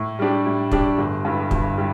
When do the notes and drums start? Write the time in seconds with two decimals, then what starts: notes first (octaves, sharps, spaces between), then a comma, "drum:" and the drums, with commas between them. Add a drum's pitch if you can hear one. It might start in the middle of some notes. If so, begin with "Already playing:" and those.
Already playing: A2
0.19 G3 D4 G4
0.46 A2
0.72 G3 D4 G4, drum: kick
0.98 G1
1.25 G2 G3 E4
1.51 G1, drum: kick
1.78 G3 E4